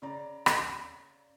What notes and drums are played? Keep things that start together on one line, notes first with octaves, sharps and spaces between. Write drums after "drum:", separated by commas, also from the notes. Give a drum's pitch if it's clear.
C#3 D5 A#5
drum: rim click